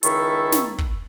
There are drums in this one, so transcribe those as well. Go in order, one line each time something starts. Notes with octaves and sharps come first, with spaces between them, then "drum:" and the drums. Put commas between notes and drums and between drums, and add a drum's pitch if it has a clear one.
C#2 D#3 E4 A4 E5 C#6, drum: hi-hat
drum: snare
drum: kick